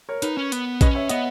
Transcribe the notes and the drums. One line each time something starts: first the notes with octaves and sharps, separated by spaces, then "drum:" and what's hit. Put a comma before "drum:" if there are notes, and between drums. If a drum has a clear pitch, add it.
A#4 C#5
D#4 B4, drum: hi-hat
C#4
B3, drum: hi-hat
C#4 B4 D#5, drum: kick A#1, hi-hat
C#5 E5
B3 D#5 F#5, drum: hi-hat